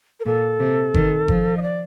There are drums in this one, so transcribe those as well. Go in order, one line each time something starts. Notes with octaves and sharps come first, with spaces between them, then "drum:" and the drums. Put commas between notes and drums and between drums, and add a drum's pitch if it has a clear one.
A#4
A#2 A4
C3
D#3, drum: kick G1
F3, drum: kick G1
D#5
D5